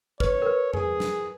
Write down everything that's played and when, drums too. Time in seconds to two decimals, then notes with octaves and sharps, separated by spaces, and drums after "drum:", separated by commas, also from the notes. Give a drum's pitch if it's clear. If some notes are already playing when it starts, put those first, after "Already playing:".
0.20 B4 C#5, drum: kick
0.42 A#4
0.46 B4
0.73 G#4, drum: tom E2
1.00 drum: snare